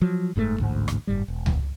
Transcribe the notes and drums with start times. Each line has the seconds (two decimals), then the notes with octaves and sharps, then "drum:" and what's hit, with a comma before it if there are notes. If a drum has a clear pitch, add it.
0.01 F3 F#3
0.36 F#1 G#2 C#3 A3
0.58 A1 D2 G#2
0.88 drum: rim click
1.07 F#1 G#2 G3
1.28 E1
1.46 drum: tom C#2